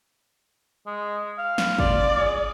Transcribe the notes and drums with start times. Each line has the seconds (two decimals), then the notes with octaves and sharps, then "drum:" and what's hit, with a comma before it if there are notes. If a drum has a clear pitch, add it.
0.87 G#3
1.38 F5
1.58 drum: snare
1.79 F4 D5, drum: kick
2.20 G#4